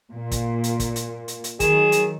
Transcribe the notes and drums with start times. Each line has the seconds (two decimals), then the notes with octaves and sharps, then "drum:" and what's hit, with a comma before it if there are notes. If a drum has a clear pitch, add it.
0.12 A#2
0.31 drum: kick, hi-hat
0.64 drum: hi-hat
0.80 drum: kick, hi-hat
0.96 drum: hi-hat
1.28 drum: hi-hat
1.44 drum: hi-hat
1.60 D#3 F#3 G#4 E7, drum: kick, hi-hat
1.92 drum: hi-hat